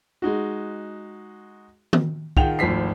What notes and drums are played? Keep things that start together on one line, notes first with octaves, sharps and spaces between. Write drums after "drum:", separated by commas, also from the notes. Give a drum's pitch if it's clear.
G#3 D#4 F#4
drum: tom D#3
D#3 F4 G#4 F#5 G5 F7, drum: kick
G#1 D2 F3 B6 C7